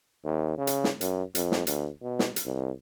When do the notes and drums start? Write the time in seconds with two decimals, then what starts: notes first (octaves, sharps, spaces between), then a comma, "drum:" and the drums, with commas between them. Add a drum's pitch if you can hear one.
0.24 D#2
0.58 C#3
0.67 drum: hi-hat
0.84 drum: snare
1.01 F#2, drum: hi-hat
1.35 F2, drum: hi-hat
1.52 drum: snare
1.67 D2, drum: hi-hat
2.02 B2
2.19 drum: snare
2.36 drum: hi-hat
2.45 C2